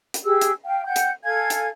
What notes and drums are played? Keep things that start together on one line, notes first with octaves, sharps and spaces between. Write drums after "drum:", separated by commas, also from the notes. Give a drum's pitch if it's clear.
drum: hi-hat
G4 G#4 E6
drum: hi-hat
F5 G5
F#5 G5 G6
drum: hi-hat
A4 F5 G#5 G#6
drum: hi-hat